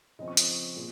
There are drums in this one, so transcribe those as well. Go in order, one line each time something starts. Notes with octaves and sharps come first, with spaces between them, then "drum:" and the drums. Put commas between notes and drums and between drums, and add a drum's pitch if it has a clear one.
C#3 F3 C4 D#5
C#6
D#6, drum: hi-hat
A#2 G#3